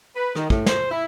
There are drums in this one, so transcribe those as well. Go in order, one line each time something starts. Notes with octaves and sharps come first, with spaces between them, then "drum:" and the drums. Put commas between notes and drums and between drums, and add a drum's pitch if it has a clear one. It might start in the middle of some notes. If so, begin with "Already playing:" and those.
B4
D#3, drum: rim click
A2, drum: kick
C5, drum: snare
E4